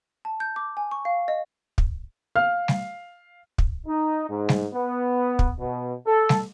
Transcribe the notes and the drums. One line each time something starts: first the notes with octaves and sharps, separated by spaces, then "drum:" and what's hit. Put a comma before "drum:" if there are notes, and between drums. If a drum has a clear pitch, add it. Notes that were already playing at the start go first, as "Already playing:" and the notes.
A5
G6
D6
G#5
C#6
F5
D#5
drum: kick
F5 F6
drum: snare G3
drum: kick
D#4
G#2
drum: snare G3
B3
drum: kick
B2
A4
drum: snare G3